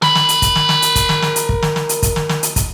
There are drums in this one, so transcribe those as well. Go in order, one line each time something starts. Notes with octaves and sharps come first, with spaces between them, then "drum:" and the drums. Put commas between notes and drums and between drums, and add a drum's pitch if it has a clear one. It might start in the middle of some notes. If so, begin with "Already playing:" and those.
A#4 B5, drum: snare
drum: snare
drum: hi-hat
drum: kick, hi-hat
drum: snare
drum: snare
drum: hi-hat
drum: kick, hi-hat
drum: snare
drum: snare
drum: hi-hat
drum: kick
drum: snare
drum: snare
drum: hi-hat
drum: kick, hi-hat
drum: snare
drum: snare
drum: hi-hat
drum: kick, hi-hat